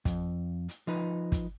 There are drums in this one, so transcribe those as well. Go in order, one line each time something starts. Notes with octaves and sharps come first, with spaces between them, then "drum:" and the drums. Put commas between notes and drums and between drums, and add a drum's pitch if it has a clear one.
F2, drum: kick, hi-hat
drum: hi-hat
F3 D#4 B4
drum: kick, hi-hat